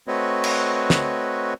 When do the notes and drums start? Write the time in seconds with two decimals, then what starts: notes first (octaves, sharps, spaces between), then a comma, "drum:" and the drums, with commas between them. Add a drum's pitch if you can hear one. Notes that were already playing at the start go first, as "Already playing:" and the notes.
0.08 A3 C4 F#4 B4 C#5 D#5
0.44 drum: cymbal
0.90 drum: snare